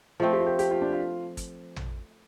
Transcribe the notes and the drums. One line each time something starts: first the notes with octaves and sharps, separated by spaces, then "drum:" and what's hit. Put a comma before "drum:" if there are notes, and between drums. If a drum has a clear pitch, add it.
F3 A3 C4 A4
G4
F4
G4
G4, drum: hi-hat
F4
D4
F4
drum: kick, hi-hat
drum: tom